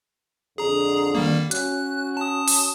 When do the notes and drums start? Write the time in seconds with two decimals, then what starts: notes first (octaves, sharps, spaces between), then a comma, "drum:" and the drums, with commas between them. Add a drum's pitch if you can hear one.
0.58 F2 D3 G#4 A#5
1.15 D#3 G3 A#3
1.51 C#4 F#4 F#6, drum: hi-hat
2.17 A5 D#6
2.48 drum: open hi-hat